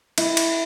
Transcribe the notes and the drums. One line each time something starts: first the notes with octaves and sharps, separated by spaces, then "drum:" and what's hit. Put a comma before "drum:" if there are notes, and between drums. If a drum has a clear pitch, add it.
E4, drum: cymbal
drum: cymbal